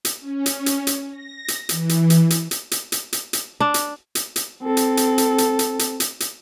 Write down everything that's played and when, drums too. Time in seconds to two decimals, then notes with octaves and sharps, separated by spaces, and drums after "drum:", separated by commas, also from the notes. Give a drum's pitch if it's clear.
0.05 drum: hi-hat
0.20 C#4
0.46 drum: hi-hat
0.66 drum: hi-hat
0.87 drum: hi-hat
1.09 A#6
1.48 drum: hi-hat
1.69 E3, drum: hi-hat
1.89 drum: hi-hat
2.10 drum: hi-hat
2.30 drum: hi-hat
2.51 drum: hi-hat
2.71 drum: hi-hat
2.92 drum: hi-hat
3.13 drum: hi-hat
3.33 drum: hi-hat
3.60 D4
3.74 drum: hi-hat
4.15 drum: hi-hat
4.36 drum: hi-hat
4.63 C4 A4
4.77 drum: hi-hat
4.97 drum: hi-hat
5.18 drum: hi-hat
5.38 drum: hi-hat
5.59 drum: hi-hat
5.79 drum: hi-hat
6.00 drum: hi-hat
6.20 drum: hi-hat